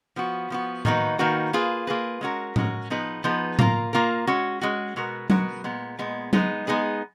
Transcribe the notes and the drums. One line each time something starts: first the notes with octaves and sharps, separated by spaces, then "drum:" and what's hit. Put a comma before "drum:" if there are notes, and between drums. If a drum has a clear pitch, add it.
F3 B3 F#4
F3 B3 F#4
D#3 A#3 D#4 F#4 B4, drum: tom A2
D#3 A#3 D#4 F#4 B4
A#3 F4 G#4 B4
A#3 F4 G#4 B4
G#3 C#4 F#4 A#4
G#3 C#4 F#4 A#4, drum: tom A2
F3 B3 D#4 G#4 B4
F3 B3 D#4 G#4 B4
A#3 F4 A#4, drum: tom A2
A#3 F4 A#4
G#3 C#4 F#4
G#3 C#4 F#4
B2 G#3 B3 F#4 A#4
B2 G#3 B3 F#4 A#4, drum: tom F#3
A#2 G#3 B3
A#2 G#3 B3
G#3 B3 D#4 G#4 B4, drum: tom F#3
G#3 B3 D#4 G#4 B4